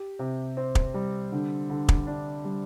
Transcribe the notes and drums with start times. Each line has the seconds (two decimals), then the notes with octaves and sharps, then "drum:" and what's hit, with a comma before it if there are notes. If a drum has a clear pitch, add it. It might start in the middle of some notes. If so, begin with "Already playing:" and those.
Already playing: G4
0.19 C3
0.57 C4
0.75 drum: kick
0.94 G3
1.32 D3
1.70 D3
1.89 drum: kick
2.07 D4
2.45 G3